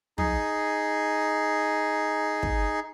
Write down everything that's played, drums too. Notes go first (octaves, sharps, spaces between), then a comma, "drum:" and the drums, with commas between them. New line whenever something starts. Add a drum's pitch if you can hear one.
D#4 G#4, drum: tom
drum: kick